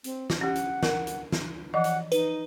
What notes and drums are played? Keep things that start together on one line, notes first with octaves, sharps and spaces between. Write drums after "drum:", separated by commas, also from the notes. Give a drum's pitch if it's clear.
C4, drum: hi-hat
drum: snare
C#4 G4 F#5
drum: hi-hat
A#4, drum: snare
drum: hi-hat
drum: snare
E3 F3 D#5 F#5
drum: hi-hat
D#4 B4, drum: hi-hat